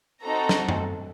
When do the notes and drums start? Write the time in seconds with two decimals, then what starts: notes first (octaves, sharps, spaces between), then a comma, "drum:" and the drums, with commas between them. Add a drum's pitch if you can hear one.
0.22 C4 D#4 F#4 A4 A#5
0.49 drum: snare
0.69 drum: tom F#2